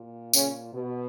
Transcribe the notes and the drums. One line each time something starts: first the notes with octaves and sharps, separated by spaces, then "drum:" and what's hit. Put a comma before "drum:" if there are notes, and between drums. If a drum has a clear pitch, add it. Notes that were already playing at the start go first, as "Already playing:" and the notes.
Already playing: A#2
C#3 C#4, drum: tambourine
B2